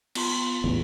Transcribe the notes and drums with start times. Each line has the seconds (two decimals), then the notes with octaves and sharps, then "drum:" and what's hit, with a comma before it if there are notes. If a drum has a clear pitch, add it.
0.15 B3 F4 C6, drum: cymbal
0.64 A1 E2